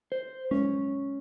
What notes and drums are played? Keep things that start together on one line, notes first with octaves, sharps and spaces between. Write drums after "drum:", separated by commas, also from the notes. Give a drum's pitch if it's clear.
C5
C#4, drum: tom G#3